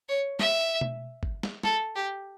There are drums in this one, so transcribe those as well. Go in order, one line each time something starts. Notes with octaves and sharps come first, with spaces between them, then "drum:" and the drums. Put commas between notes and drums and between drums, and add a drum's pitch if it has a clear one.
C#5
E5, drum: snare
drum: tom B2
drum: kick
drum: snare
A4, drum: snare
G4